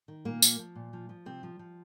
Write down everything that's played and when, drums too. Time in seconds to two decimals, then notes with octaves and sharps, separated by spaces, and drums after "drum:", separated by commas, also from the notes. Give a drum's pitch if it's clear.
0.08 D#3
0.25 A#2 A#3
0.42 F3, drum: tambourine
0.59 F3
0.75 A#2
0.93 F3
1.09 F3
1.26 C3 C4
1.43 F3
1.59 F3